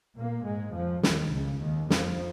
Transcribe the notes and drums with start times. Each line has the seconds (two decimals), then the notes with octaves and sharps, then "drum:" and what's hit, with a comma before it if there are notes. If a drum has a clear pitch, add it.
0.17 A#2 A#3
0.46 G#2 G#3
0.74 F2 F3
1.03 D#2 D#3, drum: snare
1.32 C#2 C#3
1.62 D#2 D#3
1.90 F2 F3, drum: snare